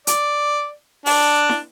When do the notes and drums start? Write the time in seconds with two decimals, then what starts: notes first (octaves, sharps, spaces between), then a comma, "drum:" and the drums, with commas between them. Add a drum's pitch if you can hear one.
0.07 D5, drum: hi-hat
1.06 D4, drum: open hi-hat
1.49 drum: snare